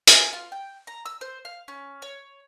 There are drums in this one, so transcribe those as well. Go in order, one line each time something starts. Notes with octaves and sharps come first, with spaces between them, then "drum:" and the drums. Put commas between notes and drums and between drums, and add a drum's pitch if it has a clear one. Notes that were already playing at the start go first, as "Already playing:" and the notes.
G#5, drum: hi-hat
F4
G5
A#5
E6
C5
F5
C#4
C#5